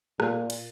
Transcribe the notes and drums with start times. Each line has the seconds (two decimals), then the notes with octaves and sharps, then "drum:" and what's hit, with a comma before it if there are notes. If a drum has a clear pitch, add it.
0.20 A#2, drum: rim click
0.50 drum: cymbal